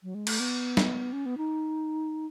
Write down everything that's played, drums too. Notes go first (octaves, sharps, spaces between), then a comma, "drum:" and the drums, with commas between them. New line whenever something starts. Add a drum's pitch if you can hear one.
F#3
G#3
A3, drum: cymbal
B3
drum: snare
C#4
B3
D#4